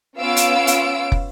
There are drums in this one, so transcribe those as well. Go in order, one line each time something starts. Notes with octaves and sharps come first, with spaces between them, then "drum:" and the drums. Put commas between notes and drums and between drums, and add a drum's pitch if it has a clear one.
B3 C#4 F4 F5 E6 D7
drum: hi-hat
drum: hi-hat
drum: kick